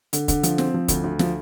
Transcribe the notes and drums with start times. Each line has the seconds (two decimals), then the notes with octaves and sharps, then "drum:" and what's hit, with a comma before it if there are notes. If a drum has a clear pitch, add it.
0.13 D3, drum: hi-hat
0.28 D3, drum: kick, hi-hat
0.43 F3, drum: hi-hat
0.58 C4, drum: snare
0.74 F3
0.88 D2, drum: kick, hi-hat
1.04 D2
1.19 F3, drum: snare